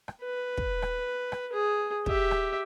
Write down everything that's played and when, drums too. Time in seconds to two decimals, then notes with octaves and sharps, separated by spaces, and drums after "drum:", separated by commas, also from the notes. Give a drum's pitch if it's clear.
0.08 drum: rim click
0.22 B4
0.57 drum: kick
0.82 drum: rim click
1.32 drum: rim click
1.53 G#4
2.06 G4 E5, drum: kick
2.31 drum: rim click